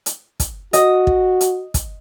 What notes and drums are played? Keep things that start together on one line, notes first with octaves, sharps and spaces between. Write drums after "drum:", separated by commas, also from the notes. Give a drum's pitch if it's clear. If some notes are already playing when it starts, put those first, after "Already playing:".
drum: hi-hat
drum: kick, hi-hat
F#4 D#5, drum: hi-hat
drum: kick
drum: hi-hat
drum: kick, hi-hat